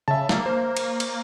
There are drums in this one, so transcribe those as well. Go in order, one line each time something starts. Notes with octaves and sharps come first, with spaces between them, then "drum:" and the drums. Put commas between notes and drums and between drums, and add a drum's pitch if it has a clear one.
C#3 E5 A5
A#3, drum: snare
C5
drum: cymbal
drum: cymbal